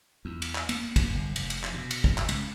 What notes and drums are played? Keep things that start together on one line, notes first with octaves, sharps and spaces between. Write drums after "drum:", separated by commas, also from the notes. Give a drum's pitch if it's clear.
E2
drum: cymbal
drum: clap
A#3, drum: cymbal
drum: kick, cymbal
G1
F1, drum: cymbal
drum: cymbal
drum: clap
B2
drum: cymbal
drum: kick
drum: clap
C#2, drum: cymbal